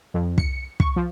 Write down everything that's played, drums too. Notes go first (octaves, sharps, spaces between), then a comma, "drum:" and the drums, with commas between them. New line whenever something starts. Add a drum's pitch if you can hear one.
F2
C#7, drum: kick
C#6, drum: kick
F3